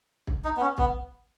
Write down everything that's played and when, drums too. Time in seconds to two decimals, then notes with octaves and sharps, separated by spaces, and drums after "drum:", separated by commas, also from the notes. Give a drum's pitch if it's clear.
0.27 drum: kick
0.44 D#4
0.57 B3
0.61 C#4
0.78 B3, drum: kick